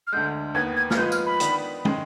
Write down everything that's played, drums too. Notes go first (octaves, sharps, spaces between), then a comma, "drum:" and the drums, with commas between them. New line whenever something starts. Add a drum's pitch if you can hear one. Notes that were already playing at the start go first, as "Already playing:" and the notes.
F6
D2 D3 G#3 G6
D#2 D#3 B3 G#6
G#6
F6, drum: snare
F3 G#3 B3 F4 B4 G6
F6, drum: tambourine
B5
D#3 B3 D4, drum: hi-hat
D#3 G#3, drum: tom